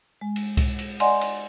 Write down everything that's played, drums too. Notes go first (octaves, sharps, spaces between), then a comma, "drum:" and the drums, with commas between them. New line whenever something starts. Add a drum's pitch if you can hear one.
G#3
drum: cymbal
drum: kick C2, cymbal
drum: cymbal
D5 D#5 F#5 G#5 C6, drum: cymbal
drum: cymbal